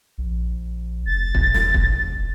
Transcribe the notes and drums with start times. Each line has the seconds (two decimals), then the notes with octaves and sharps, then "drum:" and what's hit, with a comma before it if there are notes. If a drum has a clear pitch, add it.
0.18 A#1
1.06 F1 A6
1.35 drum: kick
1.54 drum: snare
1.74 drum: kick
1.94 F1